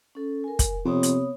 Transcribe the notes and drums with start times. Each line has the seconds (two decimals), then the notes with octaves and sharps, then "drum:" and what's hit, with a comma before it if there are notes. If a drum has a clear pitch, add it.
0.15 C#4 A4
0.44 A#4 G#5
0.59 drum: kick, hi-hat
0.85 F2 C3 B3 C#5 D#6
1.03 drum: hi-hat